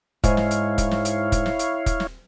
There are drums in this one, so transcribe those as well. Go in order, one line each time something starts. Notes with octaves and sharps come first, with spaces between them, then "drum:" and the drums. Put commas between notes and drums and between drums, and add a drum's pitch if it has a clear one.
G#2 E4 C#5 F5, drum: kick, hi-hat
drum: snare
drum: hi-hat
drum: kick, hi-hat
drum: snare
drum: hi-hat
drum: kick, hi-hat
drum: snare
drum: hi-hat
drum: kick, hi-hat
drum: snare